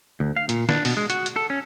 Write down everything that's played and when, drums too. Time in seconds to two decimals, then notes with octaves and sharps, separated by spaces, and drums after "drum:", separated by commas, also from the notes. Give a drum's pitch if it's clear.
0.20 D2
0.36 F5
0.49 A#2, drum: hi-hat
0.69 D4, drum: snare
0.85 B2, drum: open hi-hat
0.97 G#3
1.10 F#4, drum: hi-hat
1.26 drum: hi-hat
1.36 A4
1.50 C#4